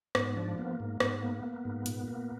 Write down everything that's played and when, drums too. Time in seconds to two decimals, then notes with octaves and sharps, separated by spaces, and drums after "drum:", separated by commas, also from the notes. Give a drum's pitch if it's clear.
0.15 G#2 B3, drum: rim click
0.36 F3 D4
0.58 A#3 B3
0.80 G#2
1.00 G#2 B3, drum: rim click
1.22 A#3
1.43 A#3
1.65 G#2
1.86 A#2, drum: hi-hat
2.08 A#3